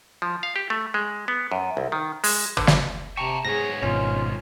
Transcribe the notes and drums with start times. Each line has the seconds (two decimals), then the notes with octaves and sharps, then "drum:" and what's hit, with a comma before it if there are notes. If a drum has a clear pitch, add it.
0.22 F3
0.43 F5
0.56 G4
0.70 A3
0.94 G#3
1.28 B3
1.52 F#2
1.77 C2
1.92 D#3
2.24 G#3, drum: open hi-hat
2.57 D3, drum: tom
2.67 drum: snare
3.17 C3 G5 A5 A#5 C#6
3.45 G#2 B3 G#4 C#5 A#6
3.82 G#1 B2 C#4 F4